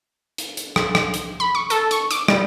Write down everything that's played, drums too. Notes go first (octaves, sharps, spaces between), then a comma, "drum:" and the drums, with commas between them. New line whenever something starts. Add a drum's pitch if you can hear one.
drum: hi-hat
drum: hi-hat
drum: rim click
drum: rim click
drum: hi-hat
B5
C#6
A4, drum: hi-hat
C#6, drum: hi-hat
D6, drum: hi-hat
G3, drum: rim click